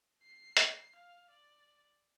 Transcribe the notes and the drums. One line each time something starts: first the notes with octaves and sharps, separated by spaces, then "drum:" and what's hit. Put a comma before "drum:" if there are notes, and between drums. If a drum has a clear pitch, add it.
C7
drum: hi-hat
F5
D5